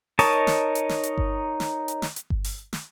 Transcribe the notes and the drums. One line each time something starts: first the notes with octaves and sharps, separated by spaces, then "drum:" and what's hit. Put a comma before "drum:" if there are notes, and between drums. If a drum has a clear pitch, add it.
D#4 A#4 C#5 D#5 A5, drum: open hi-hat
drum: snare
drum: hi-hat
drum: snare
drum: hi-hat
drum: kick G1
drum: snare
drum: hi-hat
drum: snare
drum: hi-hat
drum: kick G1
drum: open hi-hat
drum: snare